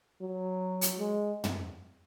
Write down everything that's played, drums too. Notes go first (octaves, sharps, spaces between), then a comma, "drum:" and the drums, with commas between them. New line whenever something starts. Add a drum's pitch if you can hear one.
F#3
drum: hi-hat
G#3
drum: tom